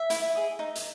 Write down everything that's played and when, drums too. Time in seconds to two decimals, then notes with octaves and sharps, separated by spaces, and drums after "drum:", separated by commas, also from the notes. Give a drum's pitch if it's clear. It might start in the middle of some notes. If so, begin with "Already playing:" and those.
Already playing: E5
0.10 E4, drum: hi-hat
0.35 G#4 D#5
0.59 D#4
0.75 drum: hi-hat